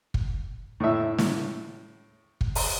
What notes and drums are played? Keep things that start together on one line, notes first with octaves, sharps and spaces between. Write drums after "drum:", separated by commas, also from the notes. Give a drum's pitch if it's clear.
drum: kick
A2 E5
drum: snare
drum: kick
drum: open hi-hat